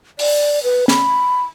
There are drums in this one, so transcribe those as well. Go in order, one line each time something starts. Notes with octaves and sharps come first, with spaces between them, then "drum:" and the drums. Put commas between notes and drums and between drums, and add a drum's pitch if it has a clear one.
D5, drum: open hi-hat
B4
B5, drum: snare